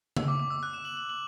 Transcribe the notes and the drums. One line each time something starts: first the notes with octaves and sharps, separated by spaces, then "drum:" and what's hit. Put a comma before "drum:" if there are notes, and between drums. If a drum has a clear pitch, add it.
E6, drum: tom C#3
D6
D6
E6
F#6
E7
F#7
F#7
F#7